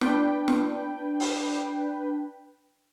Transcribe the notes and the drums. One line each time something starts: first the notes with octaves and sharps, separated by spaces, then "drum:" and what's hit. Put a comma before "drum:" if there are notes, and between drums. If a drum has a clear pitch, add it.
D4 B4 G5, drum: snare
drum: snare
drum: open hi-hat